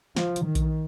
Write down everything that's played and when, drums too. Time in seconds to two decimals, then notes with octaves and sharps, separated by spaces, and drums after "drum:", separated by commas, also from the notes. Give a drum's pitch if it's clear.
0.16 F3, drum: snare
0.36 drum: hi-hat
0.45 D#3
0.55 drum: kick A#1, hi-hat